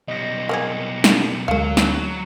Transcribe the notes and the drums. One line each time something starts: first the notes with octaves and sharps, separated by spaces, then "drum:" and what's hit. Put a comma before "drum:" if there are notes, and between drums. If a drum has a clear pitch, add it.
B1 G3 D#5 A#6
A#3 C4 G#4
drum: snare
D2 F#3 G#3 A#4 F5
drum: snare